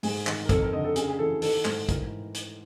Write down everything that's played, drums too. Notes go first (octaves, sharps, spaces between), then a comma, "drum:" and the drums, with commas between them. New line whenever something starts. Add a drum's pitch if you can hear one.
G#2 G#4, drum: open hi-hat
D#3, drum: clap
A#4
F2 A4, drum: kick, hi-hat
A#4
D3 D#5
A4
C#3 G#4, drum: hi-hat
G#4
E3 A4
D#3 A4, drum: open hi-hat
G#2, drum: clap
E3 A#4, drum: kick, hi-hat
drum: hi-hat